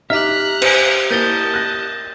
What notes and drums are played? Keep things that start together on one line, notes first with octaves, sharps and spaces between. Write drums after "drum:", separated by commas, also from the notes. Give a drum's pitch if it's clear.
D#4 G4 E5 A#5 F6 F#6 B6
C5 G#5, drum: cymbal
A#3 E4 D#5 A5 G6 A6 G7
F#6 A#6